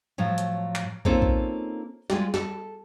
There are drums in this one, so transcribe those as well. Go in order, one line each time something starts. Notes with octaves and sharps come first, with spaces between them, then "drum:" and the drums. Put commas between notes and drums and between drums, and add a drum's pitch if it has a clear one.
A2 F3 F#3
drum: hi-hat
drum: clap
A#3 C4 C#4 D#4 F4 A4, drum: kick
drum: kick
G3 G#3 F4, drum: snare
A4, drum: snare